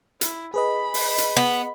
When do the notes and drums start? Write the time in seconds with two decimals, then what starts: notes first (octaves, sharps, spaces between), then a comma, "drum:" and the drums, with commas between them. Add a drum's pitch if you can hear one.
0.21 E4, drum: hi-hat
0.54 G#4 B4 D#5 B5
0.94 drum: open hi-hat
1.18 drum: hi-hat
1.37 B3